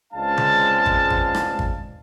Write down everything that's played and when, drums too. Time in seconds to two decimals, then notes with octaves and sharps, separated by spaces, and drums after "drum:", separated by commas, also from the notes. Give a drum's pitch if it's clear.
0.13 C#2 G#3 C4 D4 F5 A5
0.38 drum: tom C#3
0.86 drum: kick G#1
1.10 drum: kick G#1
1.35 drum: rim click
1.59 drum: kick G#1